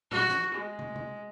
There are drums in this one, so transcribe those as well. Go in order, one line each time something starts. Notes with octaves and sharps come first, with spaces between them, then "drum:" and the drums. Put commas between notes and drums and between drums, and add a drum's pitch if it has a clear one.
F#4, drum: tom A#2
drum: snare
G#3
drum: tom
drum: tom